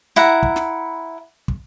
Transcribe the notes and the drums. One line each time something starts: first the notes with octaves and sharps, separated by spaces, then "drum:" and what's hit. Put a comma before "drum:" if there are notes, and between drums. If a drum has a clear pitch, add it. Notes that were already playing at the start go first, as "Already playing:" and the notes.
E4 F#5 A#5
drum: kick
drum: snare
drum: kick